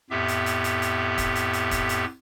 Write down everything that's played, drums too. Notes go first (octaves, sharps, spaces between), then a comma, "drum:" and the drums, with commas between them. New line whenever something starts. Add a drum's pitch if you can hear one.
F2 A2 B3 G4 E5
drum: hi-hat
drum: hi-hat
drum: hi-hat
drum: hi-hat
drum: kick, hi-hat
drum: hi-hat
drum: hi-hat
drum: kick, hi-hat
drum: hi-hat